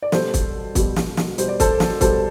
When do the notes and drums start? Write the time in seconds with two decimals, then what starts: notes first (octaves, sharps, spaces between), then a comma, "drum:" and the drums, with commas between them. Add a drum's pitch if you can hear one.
0.02 D5
0.12 B2 G3 A4 C5, drum: snare
0.34 drum: kick, hi-hat
0.75 B2 G3, drum: kick, hi-hat
0.96 drum: snare
1.17 drum: snare
1.38 B2 G3 C5, drum: hi-hat
1.48 D5
1.60 A4 C5, drum: kick, hi-hat
1.80 drum: snare
2.01 B2 G3 A4 C5, drum: kick, hi-hat